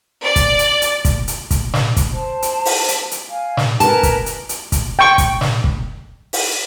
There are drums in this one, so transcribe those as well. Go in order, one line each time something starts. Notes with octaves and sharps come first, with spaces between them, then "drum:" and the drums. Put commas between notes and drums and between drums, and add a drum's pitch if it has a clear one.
D5
drum: kick, hi-hat
drum: hi-hat
drum: hi-hat
drum: kick, hi-hat
drum: hi-hat
drum: kick, hi-hat
drum: snare
drum: kick, hi-hat
C5 A5
drum: hi-hat
drum: open hi-hat
drum: hi-hat
drum: hi-hat
F5 G#5
drum: snare
A#4 B4 G#5 A5, drum: hi-hat
drum: kick, hi-hat
drum: hi-hat
drum: hi-hat
drum: kick, hi-hat
G5 C#6
drum: kick, hi-hat
drum: snare
drum: kick
drum: open hi-hat